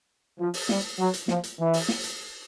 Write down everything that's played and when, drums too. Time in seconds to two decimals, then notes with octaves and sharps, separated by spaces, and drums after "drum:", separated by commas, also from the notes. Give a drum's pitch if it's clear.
0.39 F3
0.54 drum: open hi-hat
0.69 G3, drum: snare
0.99 F#3
1.14 drum: hi-hat
1.28 F3, drum: snare
1.44 drum: hi-hat
1.59 E3
1.73 drum: open hi-hat
1.88 drum: snare
2.03 drum: hi-hat